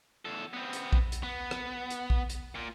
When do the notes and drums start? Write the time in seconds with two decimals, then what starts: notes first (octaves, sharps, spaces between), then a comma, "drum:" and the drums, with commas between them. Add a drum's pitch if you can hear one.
0.25 E2 A4
0.53 B3 C4
0.73 drum: hi-hat
0.93 drum: kick A#1
1.12 drum: hi-hat
1.23 B3
1.51 drum: rim click
1.90 drum: hi-hat
2.10 drum: kick A#1
2.30 drum: hi-hat
2.55 A#2